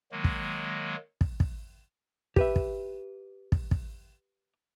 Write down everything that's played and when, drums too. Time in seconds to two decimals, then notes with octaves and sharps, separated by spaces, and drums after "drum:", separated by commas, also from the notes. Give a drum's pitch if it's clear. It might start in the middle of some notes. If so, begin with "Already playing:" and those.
0.12 D#3 F#3 G#3 A#3
0.24 drum: kick
1.21 drum: kick
1.40 drum: kick
2.36 G4 B4 E5, drum: kick
2.56 drum: kick
3.52 drum: kick
3.71 drum: kick